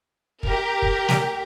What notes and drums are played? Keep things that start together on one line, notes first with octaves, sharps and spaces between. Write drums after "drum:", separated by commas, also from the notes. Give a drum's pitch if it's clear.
G4 A#4, drum: kick
drum: kick
drum: snare